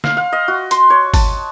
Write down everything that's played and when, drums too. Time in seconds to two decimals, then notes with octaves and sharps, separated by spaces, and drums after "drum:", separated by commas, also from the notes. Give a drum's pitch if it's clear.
0.04 F5, drum: snare
0.17 F5
0.33 D#5
0.48 F#4
0.71 C6, drum: hi-hat
0.90 C#5
1.14 A5, drum: kick, open hi-hat